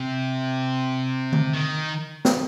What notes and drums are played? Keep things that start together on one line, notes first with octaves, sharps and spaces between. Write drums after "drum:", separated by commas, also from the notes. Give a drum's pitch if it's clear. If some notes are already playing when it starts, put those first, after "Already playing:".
Already playing: C3
drum: tom D3
D#3
drum: snare